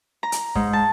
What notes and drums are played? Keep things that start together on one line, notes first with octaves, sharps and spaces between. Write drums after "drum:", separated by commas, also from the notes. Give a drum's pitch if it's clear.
A#5
drum: hi-hat
G#2, drum: kick
A5